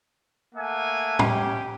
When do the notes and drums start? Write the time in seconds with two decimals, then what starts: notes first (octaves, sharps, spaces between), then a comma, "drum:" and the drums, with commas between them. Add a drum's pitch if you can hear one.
0.55 A3 A#3 E5 F#5 G#5
1.19 C#4 G4, drum: tom